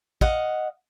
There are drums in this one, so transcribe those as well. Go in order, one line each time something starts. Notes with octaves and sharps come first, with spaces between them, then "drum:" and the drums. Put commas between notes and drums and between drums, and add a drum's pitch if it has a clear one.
D#5 F5 F#5, drum: kick